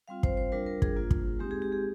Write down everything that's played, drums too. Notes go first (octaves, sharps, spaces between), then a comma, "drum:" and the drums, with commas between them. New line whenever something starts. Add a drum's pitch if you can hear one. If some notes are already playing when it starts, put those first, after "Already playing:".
G3 C4 F4 F5
C5, drum: kick
C5
G3 D4 F4 A#4
A#4
G#4, drum: kick
A#3 F4
drum: kick
G#3 C4 D#4 G4
G#4
G4
G#4